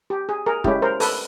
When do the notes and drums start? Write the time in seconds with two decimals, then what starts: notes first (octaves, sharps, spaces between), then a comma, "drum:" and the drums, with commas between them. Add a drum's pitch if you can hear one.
0.10 G4
0.29 G#4
0.46 G#4 A#4
0.64 G#3 C#4 E4 G4, drum: kick
0.82 A#4 C5
1.00 A4 B4, drum: open hi-hat